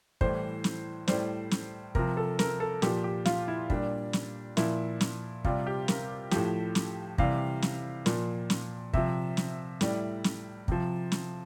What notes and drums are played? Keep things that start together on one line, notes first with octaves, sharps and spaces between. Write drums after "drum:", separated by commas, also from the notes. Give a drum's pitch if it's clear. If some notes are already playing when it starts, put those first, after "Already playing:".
A2 E3 G3 C5, drum: kick
drum: snare
A2 G3 C5, drum: snare
drum: snare
C3 F3 A#4, drum: kick
A4
A#4, drum: snare
A4
A#2 F3 G4, drum: snare
G4
F4, drum: snare
E4
A#2 G3 D4, drum: kick
drum: snare
A#2 F3 E4, drum: snare
drum: snare
C3 G3 F4, drum: kick
G4
A#4, drum: snare
A2 F3 G4, drum: snare
drum: snare
C3 E3 G3 F5, drum: kick
drum: snare
A#2 F3, drum: snare
drum: snare
C3 F3 E5, drum: kick
drum: snare
A2 G3, drum: snare
drum: snare
C3 F3, drum: kick
drum: snare